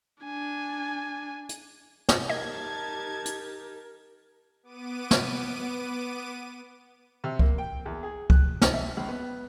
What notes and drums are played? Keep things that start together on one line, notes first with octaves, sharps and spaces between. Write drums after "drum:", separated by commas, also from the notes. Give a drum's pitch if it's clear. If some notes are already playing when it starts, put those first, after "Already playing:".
D4 G#5
drum: hi-hat
drum: snare
D#4 G4 A#4 D#5 A5 G#6 A6
drum: hi-hat
B3 D6 D#7
drum: snare
C3
A#3, drum: kick C#2
G5
E2
G#4
F#6, drum: kick C#2
D#4, drum: snare
E5
C#2
B3